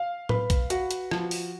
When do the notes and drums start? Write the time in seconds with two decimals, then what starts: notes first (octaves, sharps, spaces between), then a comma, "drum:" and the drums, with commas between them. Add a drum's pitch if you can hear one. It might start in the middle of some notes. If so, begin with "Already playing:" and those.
Already playing: F5
0.29 B4, drum: tom A2
0.50 drum: kick, hi-hat
0.70 F#4, drum: hi-hat
0.91 drum: hi-hat
1.11 F3, drum: rim click
1.31 drum: open hi-hat